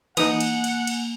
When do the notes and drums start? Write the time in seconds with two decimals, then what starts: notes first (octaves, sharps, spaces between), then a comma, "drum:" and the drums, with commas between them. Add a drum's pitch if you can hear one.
0.17 E3 A#3 D#4 F#5 G#5 D#6, drum: cymbal
0.40 drum: cymbal
0.64 drum: cymbal
0.87 drum: cymbal